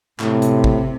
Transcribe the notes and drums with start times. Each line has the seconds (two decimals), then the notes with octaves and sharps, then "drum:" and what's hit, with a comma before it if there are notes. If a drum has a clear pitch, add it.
0.20 A2 C3, drum: clap
0.42 drum: hi-hat
0.64 drum: kick